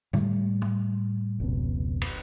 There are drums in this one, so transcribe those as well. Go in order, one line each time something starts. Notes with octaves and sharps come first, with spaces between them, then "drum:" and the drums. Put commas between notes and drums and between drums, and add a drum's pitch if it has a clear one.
A2 G3, drum: tom
drum: tom
F1 C#2 B2
drum: cymbal